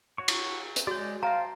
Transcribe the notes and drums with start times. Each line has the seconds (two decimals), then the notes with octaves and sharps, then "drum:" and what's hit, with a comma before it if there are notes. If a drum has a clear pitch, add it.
0.18 F#4 C#5 C#6
0.28 drum: cymbal
0.76 drum: hi-hat
0.87 G#3 F#4 C#5 D5
1.23 C5 E5 F5 G5 A5 A#5